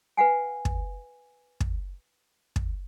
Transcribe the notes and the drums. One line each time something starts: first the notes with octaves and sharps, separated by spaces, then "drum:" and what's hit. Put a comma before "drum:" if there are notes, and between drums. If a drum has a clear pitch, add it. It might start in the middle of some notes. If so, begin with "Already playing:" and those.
B4 F5 F#5 G#5
drum: kick
drum: kick
drum: kick